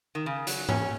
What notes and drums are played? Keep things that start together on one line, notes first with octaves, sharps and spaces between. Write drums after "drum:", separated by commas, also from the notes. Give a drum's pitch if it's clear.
D#3
C#3
F#3, drum: hi-hat
C#4, drum: tom